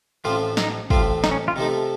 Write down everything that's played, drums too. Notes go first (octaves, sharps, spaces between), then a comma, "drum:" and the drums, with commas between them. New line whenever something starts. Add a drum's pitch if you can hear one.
A1 A2 F3 A3 C4 F4
D#4, drum: snare
A1 A2 A3 C4 F4, drum: kick
D#4, drum: snare
C#4
F4
C3 F3 A3 D#4